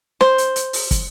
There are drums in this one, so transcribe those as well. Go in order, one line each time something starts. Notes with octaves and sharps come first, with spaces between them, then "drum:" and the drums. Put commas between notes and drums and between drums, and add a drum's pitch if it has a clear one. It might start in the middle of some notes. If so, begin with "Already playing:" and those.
C5, drum: snare
drum: hi-hat
drum: hi-hat
drum: open hi-hat
drum: kick, hi-hat